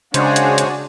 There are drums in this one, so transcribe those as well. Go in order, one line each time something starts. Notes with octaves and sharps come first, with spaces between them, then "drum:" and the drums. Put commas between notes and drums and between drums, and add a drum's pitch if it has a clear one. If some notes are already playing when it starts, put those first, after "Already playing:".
C#3 G#3 D4 F#4 G#4 C5 C#5, drum: hi-hat
drum: hi-hat
drum: hi-hat